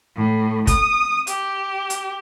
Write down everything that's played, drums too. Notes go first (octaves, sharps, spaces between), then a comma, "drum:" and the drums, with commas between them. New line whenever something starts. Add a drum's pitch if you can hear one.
A2
D#6, drum: kick, hi-hat
G4, drum: hi-hat
drum: hi-hat